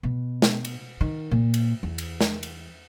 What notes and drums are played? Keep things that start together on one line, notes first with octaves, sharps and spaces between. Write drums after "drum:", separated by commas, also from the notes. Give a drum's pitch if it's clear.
B2
drum: snare
drum: cymbal
D#3
A#2
drum: cymbal
E2
drum: cymbal
drum: snare
drum: cymbal